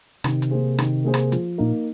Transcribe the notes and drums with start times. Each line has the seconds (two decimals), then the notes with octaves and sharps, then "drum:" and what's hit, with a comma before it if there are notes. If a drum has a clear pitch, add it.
0.24 C3 D#3, drum: rim click
0.42 drum: hi-hat
0.51 A#3 G#4 C5
0.78 D#3, drum: rim click
1.05 A#3 G#4 C5
1.14 drum: rim click
1.32 F3, drum: hi-hat
1.58 A#2 A#3 D#4